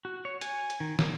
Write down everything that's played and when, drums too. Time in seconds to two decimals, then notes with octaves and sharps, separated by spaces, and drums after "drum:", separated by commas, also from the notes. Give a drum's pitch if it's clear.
0.05 F#4
0.25 C#5
0.41 G#5, drum: hi-hat
0.70 drum: hi-hat
0.80 D#3
0.99 D#3, drum: snare